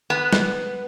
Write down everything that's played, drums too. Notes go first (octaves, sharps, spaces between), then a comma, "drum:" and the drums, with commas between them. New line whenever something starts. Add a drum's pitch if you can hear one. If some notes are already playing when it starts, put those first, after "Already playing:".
B3
drum: snare